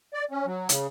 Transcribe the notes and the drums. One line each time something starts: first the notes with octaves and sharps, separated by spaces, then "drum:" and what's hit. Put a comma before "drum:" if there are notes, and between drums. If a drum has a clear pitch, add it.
D5
C#4
F#3
C#3, drum: hi-hat